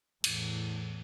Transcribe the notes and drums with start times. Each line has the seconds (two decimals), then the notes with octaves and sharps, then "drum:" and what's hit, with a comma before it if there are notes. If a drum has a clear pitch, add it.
0.24 E2 A2, drum: cymbal